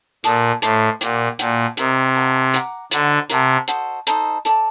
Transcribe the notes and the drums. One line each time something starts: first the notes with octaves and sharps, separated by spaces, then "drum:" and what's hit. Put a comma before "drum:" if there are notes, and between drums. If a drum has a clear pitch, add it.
A#2 A4 D5 A5 D#6, drum: hi-hat
A2 C5 D#5 A5 D6, drum: hi-hat
A#2 G4 D5 F#5, drum: hi-hat
A#2 F#4 A4 D5 G5, drum: hi-hat
C3 G4 A#4 D#5, drum: hi-hat
A#4 D#5 F#5 A5
D5 F#5 A#5 D6, drum: hi-hat
D3 D#4 F#4 C5, drum: hi-hat
C3 A#4 F#5 A5, drum: hi-hat
F#4 A4 C5 D#5, drum: hi-hat
D#4 A4 C5 D#5, drum: hi-hat
A4 D5 A5, drum: hi-hat